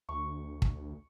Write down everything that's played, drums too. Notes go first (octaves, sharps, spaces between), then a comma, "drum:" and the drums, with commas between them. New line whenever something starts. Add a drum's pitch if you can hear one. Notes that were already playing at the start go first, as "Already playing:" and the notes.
D2 C#6
drum: kick